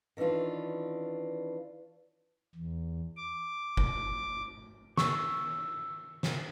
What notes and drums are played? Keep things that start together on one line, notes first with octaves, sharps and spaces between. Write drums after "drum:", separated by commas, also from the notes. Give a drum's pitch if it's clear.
D#3 E3 C#4 D4 F4
E2
D6
drum: kick
C#6 E6, drum: snare
drum: snare